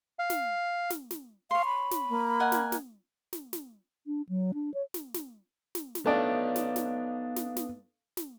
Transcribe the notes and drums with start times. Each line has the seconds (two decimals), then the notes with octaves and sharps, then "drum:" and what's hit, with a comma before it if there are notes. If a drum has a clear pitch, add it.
0.19 F5
0.30 drum: snare
0.90 drum: snare
1.11 drum: snare
1.51 C#5 F5 C6
1.65 B5
1.91 drum: snare
2.09 A#3
2.40 D#5 F#5 G#5
2.52 drum: snare
2.72 drum: snare
3.33 drum: snare
3.53 drum: snare
4.07 D4
4.29 F#3
4.54 D4
4.74 C#5
4.94 drum: snare
5.14 drum: snare
5.75 drum: snare
5.95 drum: snare
6.06 A3 B3 D4 D#4 D5 F5
6.56 drum: snare
6.76 drum: snare
7.36 drum: snare
7.57 drum: snare
8.17 drum: snare